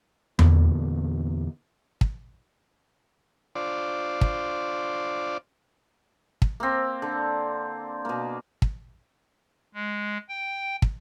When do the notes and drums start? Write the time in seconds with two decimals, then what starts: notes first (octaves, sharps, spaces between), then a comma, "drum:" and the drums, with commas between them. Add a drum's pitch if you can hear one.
0.39 E2 A#2 D3 B3, drum: tom E2
2.01 drum: kick
3.55 D4 F4 C5 D5
4.21 drum: kick
6.42 drum: kick
6.60 A#3 C4
7.02 D3
8.05 B2 A#3
8.62 drum: kick
9.74 G#3
10.29 G5
10.82 drum: kick